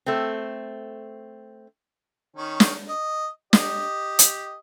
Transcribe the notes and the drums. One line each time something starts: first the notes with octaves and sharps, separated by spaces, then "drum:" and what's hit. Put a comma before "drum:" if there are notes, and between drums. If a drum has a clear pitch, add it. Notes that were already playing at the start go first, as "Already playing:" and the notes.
A3 C4
D#3 C#4
drum: snare
D#5
G4 D#5, drum: snare
drum: hi-hat